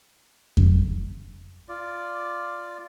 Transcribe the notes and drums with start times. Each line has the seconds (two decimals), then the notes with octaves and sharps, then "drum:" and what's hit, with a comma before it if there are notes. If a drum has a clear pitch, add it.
0.57 drum: kick F2
1.69 F4 D5